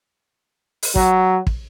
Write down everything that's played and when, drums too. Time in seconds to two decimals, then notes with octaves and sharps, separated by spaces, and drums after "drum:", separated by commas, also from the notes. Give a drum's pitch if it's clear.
0.83 drum: open hi-hat
0.96 F#3, drum: kick
1.47 drum: kick